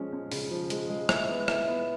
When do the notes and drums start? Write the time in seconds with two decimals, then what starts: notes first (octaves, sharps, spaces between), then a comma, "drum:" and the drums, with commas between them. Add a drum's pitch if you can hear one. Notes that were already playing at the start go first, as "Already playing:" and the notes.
Already playing: F3 G#3 C#4
0.13 C#4
0.32 C#3, drum: open hi-hat
0.51 F3
0.70 G#3, drum: hi-hat
0.89 G#3
1.09 E4, drum: rim click
1.28 B3
1.48 E4, drum: rim click
1.67 B3